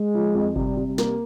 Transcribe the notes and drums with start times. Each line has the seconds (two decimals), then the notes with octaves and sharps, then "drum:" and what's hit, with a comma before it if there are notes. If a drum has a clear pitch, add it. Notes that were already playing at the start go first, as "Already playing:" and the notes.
Already playing: G#3
0.15 F3
0.35 F2
0.56 C3 G3, drum: kick G1
0.77 C3
0.87 G3
0.98 A#3, drum: snare